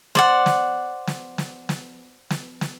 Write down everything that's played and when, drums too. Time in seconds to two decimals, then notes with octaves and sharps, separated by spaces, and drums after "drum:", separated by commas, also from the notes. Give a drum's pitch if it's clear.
0.15 C5 D5 F#5, drum: snare
0.46 drum: snare
1.07 drum: snare
1.38 drum: snare
1.69 drum: snare
2.30 drum: snare
2.61 drum: snare